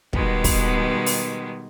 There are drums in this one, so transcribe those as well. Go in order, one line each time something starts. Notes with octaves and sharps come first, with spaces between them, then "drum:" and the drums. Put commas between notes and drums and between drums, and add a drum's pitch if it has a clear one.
B2 D#3 G3 G#3 B3, drum: kick
drum: kick, open hi-hat
drum: open hi-hat